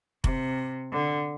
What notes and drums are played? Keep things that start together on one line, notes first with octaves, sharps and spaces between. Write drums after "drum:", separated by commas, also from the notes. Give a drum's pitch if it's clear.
C3, drum: kick F1
D3